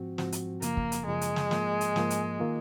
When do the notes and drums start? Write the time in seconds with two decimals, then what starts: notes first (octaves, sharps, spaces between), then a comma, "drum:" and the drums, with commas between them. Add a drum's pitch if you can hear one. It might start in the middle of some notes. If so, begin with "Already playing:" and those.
Already playing: G#2 F3 C4 F#4
0.18 G#2 F3 C4 F#4, drum: snare
0.32 drum: hi-hat
0.62 F#2 C#3 F3 A#3, drum: hi-hat
0.77 drum: kick
0.92 drum: hi-hat
1.06 F#2 C#3 F3 G#3
1.21 drum: hi-hat
1.36 drum: snare
1.51 G#2 F3 A#3, drum: snare
1.81 drum: hi-hat
1.96 G#2 F3 A#3, drum: snare
2.10 drum: hi-hat
2.40 D#3 A#3 F4